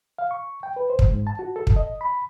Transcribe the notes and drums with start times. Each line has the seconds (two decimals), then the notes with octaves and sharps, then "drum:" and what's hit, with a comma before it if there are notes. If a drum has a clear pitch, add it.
0.18 F5
0.31 C#6
0.63 G5
0.76 B4
0.90 C5
0.99 drum: kick
1.10 G#2
1.27 A5
1.39 F#4
1.56 A4
1.67 drum: kick
1.76 D#5
2.01 B5